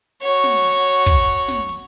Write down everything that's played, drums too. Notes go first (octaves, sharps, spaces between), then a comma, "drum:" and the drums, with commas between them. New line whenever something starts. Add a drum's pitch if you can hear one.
F#4 C#5, drum: hi-hat
drum: snare
drum: hi-hat
drum: hi-hat
drum: kick, hi-hat
drum: hi-hat
drum: snare
drum: open hi-hat